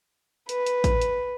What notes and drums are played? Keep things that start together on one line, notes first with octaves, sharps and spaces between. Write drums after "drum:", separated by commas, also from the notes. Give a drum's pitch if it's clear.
B4, drum: hi-hat
drum: hi-hat
drum: kick A1, hi-hat
drum: hi-hat